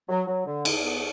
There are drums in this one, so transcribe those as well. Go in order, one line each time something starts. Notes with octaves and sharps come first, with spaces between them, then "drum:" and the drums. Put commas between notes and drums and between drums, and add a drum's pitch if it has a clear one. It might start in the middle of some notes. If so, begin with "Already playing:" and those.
F#3
F#3
D3
E2, drum: cymbal
B3